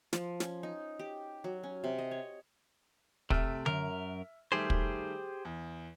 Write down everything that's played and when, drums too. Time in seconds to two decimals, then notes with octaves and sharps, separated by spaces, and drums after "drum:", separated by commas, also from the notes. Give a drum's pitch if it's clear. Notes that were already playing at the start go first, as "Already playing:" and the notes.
0.13 F3, drum: snare
0.40 C#4, drum: snare
0.63 D#4
0.99 G4
1.44 F#3
1.63 C#4
1.84 C3
1.98 D#5
2.11 C#5
3.30 C3 A3 E5 F6 D7, drum: kick
3.66 F#2 A#4, drum: tom D3
4.52 D#3 G3 A3 G4 G#4 C5
4.70 drum: kick
5.45 E2